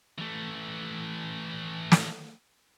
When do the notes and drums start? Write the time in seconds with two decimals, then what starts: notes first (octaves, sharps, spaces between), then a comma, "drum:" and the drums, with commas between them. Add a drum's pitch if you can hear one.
0.19 E3 A3
1.92 drum: snare